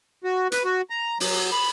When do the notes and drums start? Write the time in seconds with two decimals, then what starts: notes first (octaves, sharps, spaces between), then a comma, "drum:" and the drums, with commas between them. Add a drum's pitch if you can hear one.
0.24 F#4
0.52 B4, drum: hi-hat
0.65 F#4
0.90 A#5
1.20 F#3, drum: open hi-hat
1.52 B5